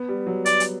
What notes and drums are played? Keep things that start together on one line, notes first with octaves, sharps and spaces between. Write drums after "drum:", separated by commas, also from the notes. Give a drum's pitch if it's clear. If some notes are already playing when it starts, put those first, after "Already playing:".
Already playing: B3
G3
F#3
D5, drum: hi-hat
drum: hi-hat